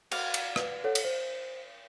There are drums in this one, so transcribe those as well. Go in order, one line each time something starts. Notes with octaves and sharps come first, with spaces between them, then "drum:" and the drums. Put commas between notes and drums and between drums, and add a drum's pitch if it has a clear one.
F#4 D5 F5, drum: cymbal
drum: cymbal
B4, drum: rim click
A4 C#5 F#5
drum: cymbal
C5